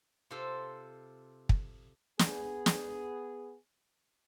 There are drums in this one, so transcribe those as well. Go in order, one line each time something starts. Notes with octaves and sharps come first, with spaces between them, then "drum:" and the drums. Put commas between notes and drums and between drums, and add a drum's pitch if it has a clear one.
C3 F4 G4 A4 C5
drum: kick
B3 G#4, drum: snare
drum: snare